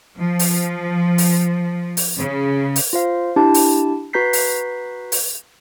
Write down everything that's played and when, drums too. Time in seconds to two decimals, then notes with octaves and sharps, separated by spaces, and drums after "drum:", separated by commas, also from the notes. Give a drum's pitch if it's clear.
0.17 F3
0.39 drum: open hi-hat
1.18 drum: open hi-hat
1.97 drum: open hi-hat
2.16 C#3
2.76 drum: open hi-hat
2.93 F4 C5 F5
3.36 D4 E4 G4 A5
3.54 drum: open hi-hat
4.13 F#4 B4 A#5 G6 B6 C7
4.33 drum: open hi-hat
5.12 drum: open hi-hat